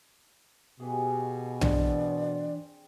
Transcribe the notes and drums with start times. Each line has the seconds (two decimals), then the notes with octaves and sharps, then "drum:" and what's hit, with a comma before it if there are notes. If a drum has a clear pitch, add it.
0.80 B2 G4 G#4
1.61 E3 C4 D4 D5, drum: tom B1